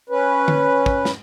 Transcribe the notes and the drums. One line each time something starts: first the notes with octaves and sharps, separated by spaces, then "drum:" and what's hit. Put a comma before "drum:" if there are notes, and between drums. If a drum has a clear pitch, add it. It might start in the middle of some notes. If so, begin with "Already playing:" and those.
C#4 B4
drum: tom D3
drum: kick
drum: snare